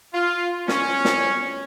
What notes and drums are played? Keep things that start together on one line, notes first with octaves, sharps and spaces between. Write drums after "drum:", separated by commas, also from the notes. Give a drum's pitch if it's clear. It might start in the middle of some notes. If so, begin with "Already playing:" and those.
F4
C#4, drum: snare
drum: snare